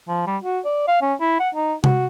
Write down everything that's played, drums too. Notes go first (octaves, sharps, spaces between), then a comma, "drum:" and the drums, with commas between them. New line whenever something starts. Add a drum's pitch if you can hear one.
F3
G3
F#4
D5
F5
C#4
E4
F#5
D#4
F#4, drum: tom C3